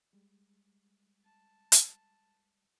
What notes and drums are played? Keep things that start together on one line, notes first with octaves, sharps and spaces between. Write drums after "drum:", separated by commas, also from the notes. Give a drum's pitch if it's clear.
G3 G#3
A5
drum: hi-hat